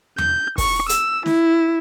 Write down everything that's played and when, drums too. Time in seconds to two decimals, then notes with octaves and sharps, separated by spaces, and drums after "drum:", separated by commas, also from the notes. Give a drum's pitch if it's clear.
0.18 G6, drum: tom E2
0.58 C#6, drum: kick, open hi-hat
0.89 E6, drum: hi-hat
1.26 E4, drum: snare